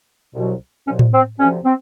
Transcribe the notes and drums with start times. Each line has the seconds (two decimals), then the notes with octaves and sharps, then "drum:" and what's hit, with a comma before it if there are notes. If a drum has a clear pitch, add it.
0.35 C2 B2 F#3
0.87 C2 B2 F#3 C#4
0.99 drum: tom A2
1.13 C4
1.39 D2 C3 F3 C#4
1.65 C4